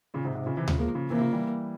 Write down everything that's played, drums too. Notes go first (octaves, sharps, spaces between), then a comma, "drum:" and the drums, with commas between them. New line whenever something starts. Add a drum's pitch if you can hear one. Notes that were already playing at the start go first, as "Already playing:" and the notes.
A#2 C#3
G#2 C3
G#2 C3
A#2 C#3
C3 E3
C#3 F3, drum: tom D2
F3 G#3 A#3
C#3 F3
C3 E3 A#3
C#3 F3
E3 G3